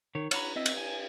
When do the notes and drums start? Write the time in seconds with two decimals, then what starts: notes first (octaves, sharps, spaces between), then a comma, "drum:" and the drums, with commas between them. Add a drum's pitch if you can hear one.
0.15 D#3 C#5
0.31 C#5 F#5 A#5 B5, drum: cymbal
0.56 C4 D#5 E5 E6
0.66 drum: cymbal
0.78 G#5